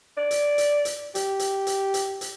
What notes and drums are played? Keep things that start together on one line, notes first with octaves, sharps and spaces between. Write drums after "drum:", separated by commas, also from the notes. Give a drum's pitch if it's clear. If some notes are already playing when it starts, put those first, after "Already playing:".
D5
drum: hi-hat
drum: hi-hat
drum: hi-hat
G4, drum: hi-hat
drum: hi-hat
drum: hi-hat
drum: hi-hat
drum: hi-hat